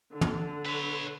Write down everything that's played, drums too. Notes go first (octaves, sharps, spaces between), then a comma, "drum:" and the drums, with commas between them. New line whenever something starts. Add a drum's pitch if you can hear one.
D3
drum: tom
B4 C#5